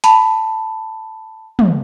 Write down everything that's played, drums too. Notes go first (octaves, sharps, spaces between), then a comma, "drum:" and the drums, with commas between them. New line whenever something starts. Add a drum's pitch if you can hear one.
A5 B5, drum: hi-hat
drum: tom